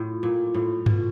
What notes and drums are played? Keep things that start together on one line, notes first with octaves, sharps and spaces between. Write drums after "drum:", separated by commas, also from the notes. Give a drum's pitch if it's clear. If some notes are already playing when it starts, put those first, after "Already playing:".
Already playing: A2 F4
A#2
A2
B2, drum: tom G2